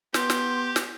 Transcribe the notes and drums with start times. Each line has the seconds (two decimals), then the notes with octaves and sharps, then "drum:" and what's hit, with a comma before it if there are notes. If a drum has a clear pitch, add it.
0.14 B3 G4 C6, drum: snare
0.30 drum: snare
0.76 drum: snare